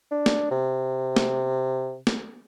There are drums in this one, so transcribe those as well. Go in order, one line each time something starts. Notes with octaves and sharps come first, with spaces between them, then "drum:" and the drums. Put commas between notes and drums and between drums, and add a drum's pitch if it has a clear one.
D4
drum: snare
C3
drum: snare
drum: snare